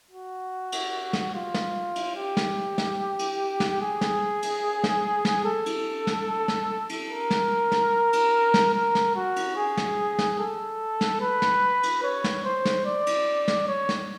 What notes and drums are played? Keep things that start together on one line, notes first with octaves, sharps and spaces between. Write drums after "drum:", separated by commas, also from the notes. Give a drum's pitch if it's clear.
F#4
drum: cymbal
drum: snare
F4
drum: snare
drum: cymbal
G4
drum: snare
drum: snare
drum: cymbal
drum: snare
G#4
drum: snare
drum: cymbal
drum: snare
drum: snare
A4
drum: cymbal
drum: snare
drum: snare
drum: cymbal
A#4
drum: snare
drum: snare
drum: cymbal
drum: snare
A#4
drum: snare
F#4
drum: cymbal
G#4
drum: snare
drum: snare
A4
drum: snare
B4
drum: snare
drum: cymbal
C#5
drum: snare
C5
drum: snare
D5
drum: cymbal
drum: snare
C#5
drum: snare